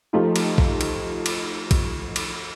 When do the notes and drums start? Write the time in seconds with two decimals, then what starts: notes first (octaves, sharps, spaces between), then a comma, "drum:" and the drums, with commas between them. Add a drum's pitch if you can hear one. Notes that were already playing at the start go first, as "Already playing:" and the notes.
0.13 F3 A3 D#4 F4 G4
0.36 drum: cymbal
0.58 drum: kick A#1
0.81 drum: cymbal
1.26 drum: cymbal
1.71 drum: kick A#1, cymbal
2.16 drum: cymbal